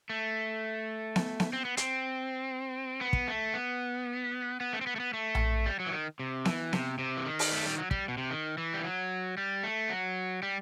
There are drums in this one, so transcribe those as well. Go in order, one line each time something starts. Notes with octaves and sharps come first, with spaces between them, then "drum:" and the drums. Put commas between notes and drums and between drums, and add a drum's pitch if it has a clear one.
A3
drum: snare B3
drum: snare B3
C4
B3
C4, drum: hi-hat
B3
drum: kick
A3
B3
B3
A3
C4
B3
A3
B3
A3
drum: tom A#1
G3
F#3
E3
D#3
C3
E3, drum: snare B3
C3, drum: snare B3
C3
E3
D#3
drum: open hi-hat
A3
G3
F#3
G3, drum: kick
B2
C3
D#3
E3
G3
F#3
G3
A3
F#3
G3